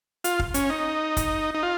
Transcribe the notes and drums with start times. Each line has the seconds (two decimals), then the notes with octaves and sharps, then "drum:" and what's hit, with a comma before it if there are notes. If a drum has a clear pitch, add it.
0.24 F4, drum: hi-hat
0.39 drum: kick
0.54 C#4, drum: hi-hat
0.70 D#4
1.17 drum: kick, hi-hat
1.54 D#4
1.63 F4